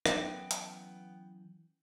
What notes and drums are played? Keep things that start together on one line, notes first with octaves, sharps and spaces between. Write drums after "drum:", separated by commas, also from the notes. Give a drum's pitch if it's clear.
E3 F#3 B3 C#4 G5, drum: rim click
drum: hi-hat